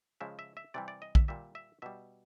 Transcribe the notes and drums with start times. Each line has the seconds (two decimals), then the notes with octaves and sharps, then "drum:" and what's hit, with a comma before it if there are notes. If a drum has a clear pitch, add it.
0.21 C#3 F3 G#3 E5
0.39 E5
0.57 E5
0.74 C3 E3 G3 D5
0.88 D5
1.02 D#5
1.15 E5, drum: kick
1.28 A#2 G3 E5
1.55 E5
1.82 B2 G3 E5